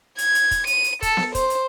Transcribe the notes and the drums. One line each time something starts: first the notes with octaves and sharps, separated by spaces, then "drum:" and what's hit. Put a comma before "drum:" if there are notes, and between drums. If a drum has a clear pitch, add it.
G#6, drum: hi-hat
drum: hi-hat
drum: kick, hi-hat
D#7, drum: hi-hat
drum: hi-hat
A4, drum: kick, hi-hat
drum: snare B3
C5, drum: kick, hi-hat
drum: hi-hat